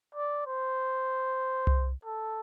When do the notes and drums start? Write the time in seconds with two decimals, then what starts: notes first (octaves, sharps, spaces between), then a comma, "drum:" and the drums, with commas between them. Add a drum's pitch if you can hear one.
0.15 D5
0.46 C5
1.67 drum: tom C2
2.05 A4